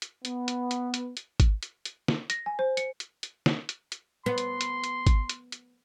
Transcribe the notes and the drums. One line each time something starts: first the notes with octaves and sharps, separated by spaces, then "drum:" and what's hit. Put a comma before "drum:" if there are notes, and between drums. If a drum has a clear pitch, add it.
drum: hi-hat
B3, drum: hi-hat
drum: hi-hat
drum: hi-hat
drum: hi-hat
drum: hi-hat
drum: kick G#1, hi-hat
drum: hi-hat
drum: hi-hat
drum: snare
A#6, drum: hi-hat
G#5
C5
C#7, drum: hi-hat
drum: hi-hat
drum: hi-hat
drum: snare
drum: hi-hat
drum: hi-hat
B3 C6
drum: hi-hat
drum: hi-hat
drum: hi-hat
drum: kick G#1, hi-hat
drum: hi-hat
drum: hi-hat